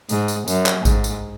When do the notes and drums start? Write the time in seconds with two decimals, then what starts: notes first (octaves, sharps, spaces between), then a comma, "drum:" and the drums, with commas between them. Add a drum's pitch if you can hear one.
0.09 G#2, drum: tambourine
0.28 drum: tambourine
0.48 F#2, drum: tambourine
0.66 drum: clap
0.85 G#2, drum: kick A1, tambourine
1.04 drum: tambourine